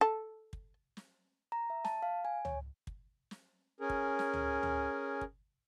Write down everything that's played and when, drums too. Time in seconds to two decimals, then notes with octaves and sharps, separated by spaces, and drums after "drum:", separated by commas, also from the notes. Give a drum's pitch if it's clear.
0.01 A4
0.53 drum: kick
0.97 drum: snare
1.52 A#5
1.70 E5
1.85 A5, drum: snare
2.02 F5
2.25 G#5
2.45 C#5, drum: tom C#2
2.87 drum: kick
3.31 drum: snare
3.80 C#4 G#4 A#4
3.90 drum: kick
4.19 drum: snare
4.34 drum: tom C#2
4.63 drum: tom C#2
5.21 drum: kick